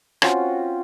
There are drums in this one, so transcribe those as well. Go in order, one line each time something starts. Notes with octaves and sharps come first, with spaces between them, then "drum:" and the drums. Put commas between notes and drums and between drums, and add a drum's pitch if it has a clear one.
C4 C#4 F4 F#4, drum: rim click